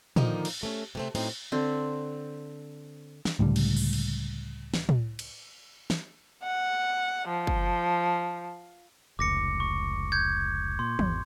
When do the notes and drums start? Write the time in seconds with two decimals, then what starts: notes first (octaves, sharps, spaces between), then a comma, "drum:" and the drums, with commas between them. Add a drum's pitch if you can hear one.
0.16 D3 D#3 F3 A#3 D#4, drum: tom
0.45 drum: cymbal
0.61 C3 A3 C#4
0.95 C3 A3 C4
1.15 A2 F#3 C4 D#4, drum: cymbal
1.52 D3 C4
3.25 drum: snare
3.39 C#2 A2 D3 G3
3.56 drum: cymbal
3.76 drum: open hi-hat
3.93 drum: cymbal
4.74 drum: snare
4.89 drum: tom
5.19 drum: cymbal
5.90 drum: snare
6.44 F#5
7.28 F3
7.47 drum: kick
9.19 F1 C#2 D6 A#6 C#7
9.60 C#6
10.12 G6 G#6
10.79 A#2 C6
10.99 G#1 E2, drum: tom